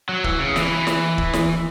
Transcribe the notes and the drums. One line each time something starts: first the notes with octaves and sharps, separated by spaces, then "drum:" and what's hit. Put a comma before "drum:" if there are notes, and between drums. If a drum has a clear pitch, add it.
F#3
E3, drum: kick
C#3
E3, drum: snare
drum: snare
drum: kick
drum: snare